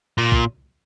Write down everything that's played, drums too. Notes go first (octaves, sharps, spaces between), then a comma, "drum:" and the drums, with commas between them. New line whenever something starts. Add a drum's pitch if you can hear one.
A#2
drum: kick B1